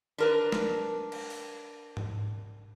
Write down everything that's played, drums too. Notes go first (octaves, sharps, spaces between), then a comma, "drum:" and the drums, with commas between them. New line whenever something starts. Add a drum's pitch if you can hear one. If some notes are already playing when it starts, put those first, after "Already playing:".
D4 A#4 B4
drum: snare
drum: cymbal
drum: open hi-hat
drum: tom G#2